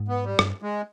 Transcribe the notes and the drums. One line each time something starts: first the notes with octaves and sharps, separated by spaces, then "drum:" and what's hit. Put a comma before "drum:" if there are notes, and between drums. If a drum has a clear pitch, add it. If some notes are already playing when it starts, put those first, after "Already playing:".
Already playing: G#2
B3
G3
G2, drum: rim click
G#3